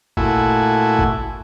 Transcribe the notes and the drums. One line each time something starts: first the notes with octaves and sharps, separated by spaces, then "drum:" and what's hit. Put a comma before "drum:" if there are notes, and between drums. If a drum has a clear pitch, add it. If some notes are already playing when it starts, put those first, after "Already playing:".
A#2 A3 E4 F#4 G#5, drum: kick G1
drum: kick G1